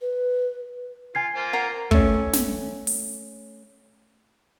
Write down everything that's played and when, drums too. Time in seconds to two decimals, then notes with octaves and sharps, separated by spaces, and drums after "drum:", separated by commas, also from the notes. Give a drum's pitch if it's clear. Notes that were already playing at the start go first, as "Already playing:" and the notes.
0.01 B4
1.15 F4 G#5 G#6 C7
1.35 A#3 F4 C5
1.53 A#4 F#5
1.91 A3 C#4, drum: kick
2.33 drum: snare
2.87 drum: open hi-hat